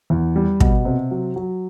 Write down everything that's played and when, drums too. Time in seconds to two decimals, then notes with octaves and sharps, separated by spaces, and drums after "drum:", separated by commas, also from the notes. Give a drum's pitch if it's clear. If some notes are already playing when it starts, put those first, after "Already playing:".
0.10 E2
0.36 G3
0.60 B2, drum: kick
0.85 C3
1.11 F#3
1.36 F#3